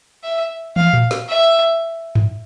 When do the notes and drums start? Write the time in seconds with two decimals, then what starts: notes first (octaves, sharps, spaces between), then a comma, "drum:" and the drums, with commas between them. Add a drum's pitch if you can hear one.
0.23 E5
0.76 F5, drum: tom
0.93 drum: tom A2
1.11 drum: snare
1.29 E5
2.15 drum: tom G2